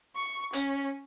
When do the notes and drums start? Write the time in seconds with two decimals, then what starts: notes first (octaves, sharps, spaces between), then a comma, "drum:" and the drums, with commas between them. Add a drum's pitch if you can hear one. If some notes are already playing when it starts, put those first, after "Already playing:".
0.15 C#6
0.53 C#4, drum: hi-hat